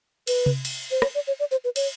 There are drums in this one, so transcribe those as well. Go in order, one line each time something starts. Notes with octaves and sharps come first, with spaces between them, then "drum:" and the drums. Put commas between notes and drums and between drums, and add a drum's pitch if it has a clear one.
B4, drum: cymbal
drum: tom C3
drum: cymbal
C5
C#5, drum: rim click
D5
C#5
D5
C5
B4
C#5, drum: cymbal